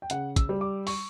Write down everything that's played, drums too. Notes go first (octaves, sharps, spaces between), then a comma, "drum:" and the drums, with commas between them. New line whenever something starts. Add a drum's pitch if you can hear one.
G5
C#3 F#5, drum: hi-hat
E6, drum: kick, hi-hat
G3
D6
C#6, drum: open hi-hat